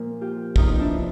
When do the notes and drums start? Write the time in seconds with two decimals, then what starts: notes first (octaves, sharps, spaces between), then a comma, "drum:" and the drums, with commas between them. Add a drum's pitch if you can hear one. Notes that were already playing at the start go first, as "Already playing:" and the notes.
Already playing: A#2 F3 A#4
0.21 F4 G4
0.56 E2 C3 F3 D#4 F4, drum: kick
0.79 D4 E4